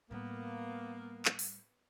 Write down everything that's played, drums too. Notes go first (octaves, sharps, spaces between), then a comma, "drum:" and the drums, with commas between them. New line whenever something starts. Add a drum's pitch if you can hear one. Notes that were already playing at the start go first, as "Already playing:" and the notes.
A2 G3 A#3 B3
drum: clap
drum: open hi-hat